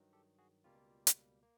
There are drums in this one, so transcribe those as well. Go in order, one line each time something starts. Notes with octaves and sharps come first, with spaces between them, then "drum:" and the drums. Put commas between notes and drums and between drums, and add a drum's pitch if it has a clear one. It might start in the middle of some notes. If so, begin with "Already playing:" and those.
Already playing: G2 D#3 F#3
G4 A4
F#4 G#4
C#2 B2 G3 A#3 F4 G4
drum: hi-hat
A#3